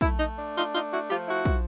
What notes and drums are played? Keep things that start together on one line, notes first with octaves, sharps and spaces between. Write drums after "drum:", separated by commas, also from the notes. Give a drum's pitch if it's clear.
A3 E4, drum: kick
D#4
D4
D#4 F4
A3 D#4 F4
E4 F#4
F3 F4 G4
E4 F#4
F3, drum: kick